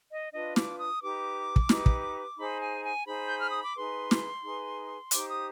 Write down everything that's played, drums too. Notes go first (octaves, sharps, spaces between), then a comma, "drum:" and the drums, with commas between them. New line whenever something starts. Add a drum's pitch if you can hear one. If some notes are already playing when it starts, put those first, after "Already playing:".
D#5
D4 F4 B4 D#5
D6, drum: snare
D#6
D#4 G4 B4 D6
drum: kick
D#4 G4 B4, drum: snare
drum: kick
D#4 G#4 C5 B5
G#5
G#5
D#4 G#4 C5 B5
G6
F6
D#6
D6
D#4 G#4 B4 C6
drum: snare
D#4 G#4 B4
D#4 G4 C5 D6, drum: hi-hat
D#6